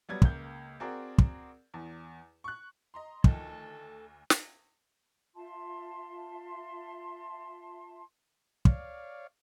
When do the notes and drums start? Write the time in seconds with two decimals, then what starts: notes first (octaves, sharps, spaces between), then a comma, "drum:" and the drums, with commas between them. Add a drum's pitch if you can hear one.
0.09 F#3 G3 B3 G#6
0.22 C#2 A#3 G6, drum: kick
0.80 C4 F#4 G#4 A#4 D5
1.18 drum: kick
1.74 E2
2.44 C#6 F#6
2.94 D#5 A#5 C6
3.24 D2 D#3 F3 D#4 A4, drum: kick
4.30 drum: snare
5.35 F4 E5 A5 C6
8.65 C#5 D5 F5, drum: kick